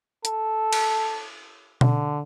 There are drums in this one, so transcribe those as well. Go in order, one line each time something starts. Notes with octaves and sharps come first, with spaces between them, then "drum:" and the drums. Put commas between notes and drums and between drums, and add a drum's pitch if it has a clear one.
A4, drum: hi-hat
drum: cymbal
D3, drum: tom B2